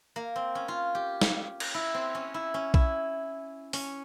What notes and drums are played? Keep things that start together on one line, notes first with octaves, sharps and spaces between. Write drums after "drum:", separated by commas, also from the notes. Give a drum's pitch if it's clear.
A#3
C4
C#4
F4
G4
drum: snare
drum: cymbal
E4
C4
C#4
E4
C#4
E4, drum: kick B1
C#4, drum: open hi-hat